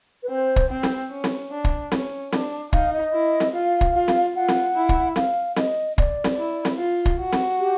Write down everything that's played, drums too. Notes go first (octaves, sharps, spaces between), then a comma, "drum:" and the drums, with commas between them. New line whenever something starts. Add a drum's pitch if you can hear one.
B4
C4 C5
drum: kick
C4
drum: snare C4
C#4
drum: snare C4
D4
drum: kick
C#4, drum: snare C4
D4, drum: snare C4
D#4 F5, drum: kick
D#5
E4
drum: snare C4
F4 F5
drum: kick
F4
drum: snare C4
F4 F#5
drum: snare C4
E4
drum: kick
F5, drum: snare C4
D#5, drum: snare C4
D5, drum: kick
drum: snare C4
E4
drum: snare C4
F4
drum: kick
F#4
drum: snare C4
G4